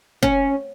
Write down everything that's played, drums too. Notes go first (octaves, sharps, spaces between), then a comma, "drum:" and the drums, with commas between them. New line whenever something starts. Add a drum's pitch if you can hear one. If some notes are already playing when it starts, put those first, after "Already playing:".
C#4, drum: kick